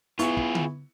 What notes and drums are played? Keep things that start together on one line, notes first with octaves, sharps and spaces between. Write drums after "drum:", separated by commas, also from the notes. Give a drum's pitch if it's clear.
B3 E4 F4 G#4 C#6, drum: hi-hat
drum: kick
drum: tom D3